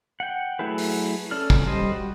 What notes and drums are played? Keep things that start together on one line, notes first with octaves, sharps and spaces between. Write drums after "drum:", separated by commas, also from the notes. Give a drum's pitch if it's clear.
F#5 G5
F#3 A3 E4 G#4 B4
drum: open hi-hat
C#4 A4 D5 F6
drum: kick
G3 C5 D#5
G3 F#4